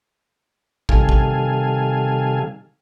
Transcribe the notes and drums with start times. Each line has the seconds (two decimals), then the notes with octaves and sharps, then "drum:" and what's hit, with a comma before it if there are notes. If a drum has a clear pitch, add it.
0.89 C3 D#3 G3 A4 F5 G#5, drum: kick
1.09 drum: kick